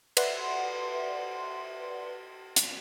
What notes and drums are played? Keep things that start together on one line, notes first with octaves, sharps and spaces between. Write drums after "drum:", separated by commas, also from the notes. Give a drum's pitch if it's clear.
B4 D5 E5 F#5 C6, drum: cymbal
drum: hi-hat